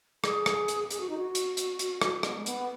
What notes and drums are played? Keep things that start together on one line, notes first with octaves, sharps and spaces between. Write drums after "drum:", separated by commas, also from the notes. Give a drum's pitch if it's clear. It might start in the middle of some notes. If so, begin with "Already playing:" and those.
G#4, drum: rim click
drum: rim click
drum: hi-hat
G#4, drum: hi-hat
F#4
D#4
F#4
drum: hi-hat
drum: hi-hat
drum: hi-hat
drum: rim click
B3, drum: rim click
G#3
B3, drum: hi-hat